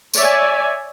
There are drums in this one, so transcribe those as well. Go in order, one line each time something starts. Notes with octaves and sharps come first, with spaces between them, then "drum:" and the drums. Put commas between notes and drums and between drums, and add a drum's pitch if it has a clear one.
C#5 D5 E5 G#5, drum: tambourine